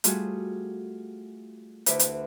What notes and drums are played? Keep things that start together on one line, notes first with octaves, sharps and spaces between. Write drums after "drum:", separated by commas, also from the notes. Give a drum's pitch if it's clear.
G3 A3 F4 F#4 G#4, drum: hi-hat
D2 D4 E4 B4, drum: hi-hat
drum: hi-hat